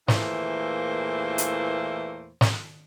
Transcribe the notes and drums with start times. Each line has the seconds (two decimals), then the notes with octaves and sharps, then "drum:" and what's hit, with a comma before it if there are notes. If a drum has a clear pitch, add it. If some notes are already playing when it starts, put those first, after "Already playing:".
0.08 E2 A#2 E3 A3 A#3 C5, drum: snare
1.38 drum: hi-hat
2.41 drum: snare